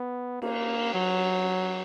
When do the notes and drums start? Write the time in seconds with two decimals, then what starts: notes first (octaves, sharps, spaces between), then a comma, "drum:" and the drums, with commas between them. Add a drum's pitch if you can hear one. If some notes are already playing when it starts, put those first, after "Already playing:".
Already playing: B3
0.42 A#3, drum: cymbal
0.94 F#3